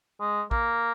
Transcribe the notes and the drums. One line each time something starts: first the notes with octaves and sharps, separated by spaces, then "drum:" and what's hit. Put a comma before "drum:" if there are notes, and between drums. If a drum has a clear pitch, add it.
G#3
A#3, drum: kick